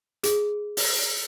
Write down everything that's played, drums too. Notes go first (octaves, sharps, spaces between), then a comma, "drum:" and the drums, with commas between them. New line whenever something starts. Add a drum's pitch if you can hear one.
G#4, drum: hi-hat
drum: open hi-hat